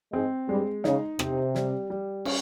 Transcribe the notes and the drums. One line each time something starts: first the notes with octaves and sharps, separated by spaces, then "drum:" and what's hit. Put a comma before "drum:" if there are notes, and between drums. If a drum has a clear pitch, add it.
G#2 G#3 C4
G2 G3 G#3
C#3 D#4, drum: snare
C3 C4, drum: rim click
G3, drum: snare
G3
C#4, drum: cymbal